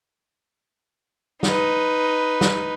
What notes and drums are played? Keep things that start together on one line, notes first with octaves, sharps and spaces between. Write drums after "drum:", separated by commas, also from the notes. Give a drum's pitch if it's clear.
D#4 B4, drum: snare
drum: snare